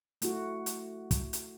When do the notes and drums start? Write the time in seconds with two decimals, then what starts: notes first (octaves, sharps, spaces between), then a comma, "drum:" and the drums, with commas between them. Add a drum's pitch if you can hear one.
0.22 A3 E4 F#4, drum: hi-hat
0.66 drum: hi-hat
1.11 drum: kick, hi-hat
1.33 drum: hi-hat